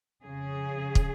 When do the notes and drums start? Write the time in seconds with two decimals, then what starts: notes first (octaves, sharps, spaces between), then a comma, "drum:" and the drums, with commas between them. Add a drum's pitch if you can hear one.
0.25 F2 C#3 G#4
0.95 drum: kick